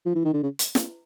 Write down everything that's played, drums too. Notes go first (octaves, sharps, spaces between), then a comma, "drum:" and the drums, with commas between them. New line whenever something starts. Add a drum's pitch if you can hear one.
F3
E3
D#3
D3
C#3
drum: hi-hat
drum: snare